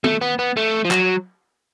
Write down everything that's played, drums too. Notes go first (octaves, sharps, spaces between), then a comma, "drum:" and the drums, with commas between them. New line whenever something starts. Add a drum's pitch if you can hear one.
A3, drum: tom
B3
B3
A3
F3
F#3, drum: clap